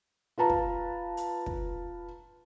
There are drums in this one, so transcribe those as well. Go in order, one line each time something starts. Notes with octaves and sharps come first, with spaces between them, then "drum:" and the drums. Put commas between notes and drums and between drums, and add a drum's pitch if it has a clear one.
F4 B4 A5 A#5
drum: kick
drum: hi-hat
drum: kick